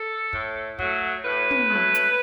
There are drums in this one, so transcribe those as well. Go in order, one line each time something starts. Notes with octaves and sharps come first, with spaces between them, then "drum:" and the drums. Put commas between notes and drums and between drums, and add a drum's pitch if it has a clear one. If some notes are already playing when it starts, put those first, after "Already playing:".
Already playing: A4
A2, drum: kick
F#3 A3, drum: kick
A2 B4
drum: tom
F#3 A3
drum: hi-hat